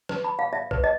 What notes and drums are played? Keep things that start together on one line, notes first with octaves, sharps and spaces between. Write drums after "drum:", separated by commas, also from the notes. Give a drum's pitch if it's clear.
B4, drum: snare
B5
F5
E5
B4, drum: kick B1
D#5